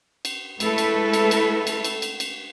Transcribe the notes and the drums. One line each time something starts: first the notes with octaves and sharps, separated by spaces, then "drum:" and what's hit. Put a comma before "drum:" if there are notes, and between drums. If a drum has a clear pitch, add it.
drum: cymbal
G#3 A3 E4 A4 B4 E5, drum: cymbal
drum: cymbal
drum: cymbal
drum: cymbal
drum: cymbal
drum: cymbal
drum: cymbal
drum: cymbal